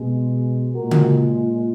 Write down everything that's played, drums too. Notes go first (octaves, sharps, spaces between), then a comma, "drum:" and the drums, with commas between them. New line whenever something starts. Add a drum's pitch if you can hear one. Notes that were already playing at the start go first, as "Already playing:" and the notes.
Already playing: B2 G#3
A#2 G#3 F#4 A#4
drum: tom C#3